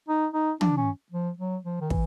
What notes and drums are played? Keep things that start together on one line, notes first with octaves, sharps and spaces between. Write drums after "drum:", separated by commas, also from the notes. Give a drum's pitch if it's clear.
D#4
D#4
D4, drum: tom
C#4
F3
F#3
F3
D#3
E3, drum: kick